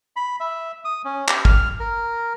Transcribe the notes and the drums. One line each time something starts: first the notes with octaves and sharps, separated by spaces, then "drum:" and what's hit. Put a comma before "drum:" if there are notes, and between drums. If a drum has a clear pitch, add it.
B5
E5
D#6
C#4
G4, drum: clap
F6, drum: kick
A#4